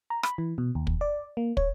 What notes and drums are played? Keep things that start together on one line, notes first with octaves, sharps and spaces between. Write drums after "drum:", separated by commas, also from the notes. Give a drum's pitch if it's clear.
A#5
B5, drum: rim click
E3
B2
D#2
drum: kick
D5
A#3
C#5, drum: kick